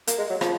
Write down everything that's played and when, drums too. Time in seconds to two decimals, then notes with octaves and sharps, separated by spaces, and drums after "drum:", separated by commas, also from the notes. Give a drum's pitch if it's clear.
0.07 A#3, drum: hi-hat
0.18 G#3
0.30 F#3
0.41 F3, drum: rim click